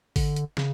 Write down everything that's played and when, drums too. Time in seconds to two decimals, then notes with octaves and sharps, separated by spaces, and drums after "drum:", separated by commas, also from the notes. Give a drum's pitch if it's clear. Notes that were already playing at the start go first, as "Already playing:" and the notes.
0.16 D3, drum: kick, open hi-hat
0.36 drum: hi-hat
0.57 C#3, drum: snare